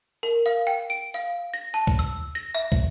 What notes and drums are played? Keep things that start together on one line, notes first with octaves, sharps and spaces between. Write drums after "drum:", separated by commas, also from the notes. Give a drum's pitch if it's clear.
A#4
F5
G5
D7
F5
A#6
A5
drum: kick
E6
A#6
E5
drum: kick